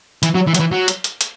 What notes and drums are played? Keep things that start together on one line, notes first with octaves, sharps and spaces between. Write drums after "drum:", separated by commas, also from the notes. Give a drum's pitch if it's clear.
E3, drum: hi-hat
F#3
E3
F#3, drum: hi-hat
E3
F#3
drum: hi-hat
drum: hi-hat
drum: hi-hat